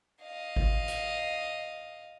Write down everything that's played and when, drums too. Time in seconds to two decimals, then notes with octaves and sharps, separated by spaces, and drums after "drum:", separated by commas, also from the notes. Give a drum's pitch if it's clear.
0.23 D#5 F5
0.56 drum: kick G#1
0.88 drum: hi-hat